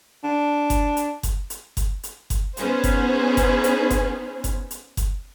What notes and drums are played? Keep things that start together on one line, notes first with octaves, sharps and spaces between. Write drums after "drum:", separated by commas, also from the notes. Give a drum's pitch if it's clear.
D4
drum: kick F#1, hi-hat
drum: hi-hat
drum: kick F#1, hi-hat
drum: hi-hat
drum: kick F#1, hi-hat
drum: hi-hat
drum: kick F#1, hi-hat
B3 C#4 D#4 G#4 B4 C5, drum: hi-hat
drum: kick F#1, hi-hat
drum: kick F#1, hi-hat
drum: hi-hat
drum: kick F#1, hi-hat
drum: kick F#1, hi-hat
drum: hi-hat
drum: kick F#1, hi-hat